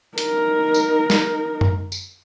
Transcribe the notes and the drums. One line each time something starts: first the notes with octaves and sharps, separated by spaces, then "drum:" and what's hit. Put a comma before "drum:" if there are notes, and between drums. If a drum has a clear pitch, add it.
D#4 A#4, drum: hi-hat
drum: tambourine
drum: snare
drum: tom F#2
drum: tambourine